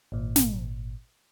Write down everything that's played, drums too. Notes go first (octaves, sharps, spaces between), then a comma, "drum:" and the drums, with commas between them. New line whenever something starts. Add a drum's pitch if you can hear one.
G#1 A#2
drum: snare